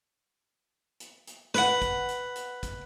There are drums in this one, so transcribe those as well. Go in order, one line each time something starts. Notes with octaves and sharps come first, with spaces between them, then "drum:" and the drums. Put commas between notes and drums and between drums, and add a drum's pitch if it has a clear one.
drum: hi-hat
drum: hi-hat
B4 F#5, drum: snare
drum: kick, hi-hat
drum: hi-hat
drum: hi-hat
drum: kick, hi-hat